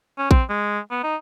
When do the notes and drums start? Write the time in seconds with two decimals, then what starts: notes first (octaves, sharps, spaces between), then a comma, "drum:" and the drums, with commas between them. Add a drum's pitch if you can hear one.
0.18 C#4
0.31 C4, drum: kick A#1
0.49 G#3
0.91 B3
1.03 D#4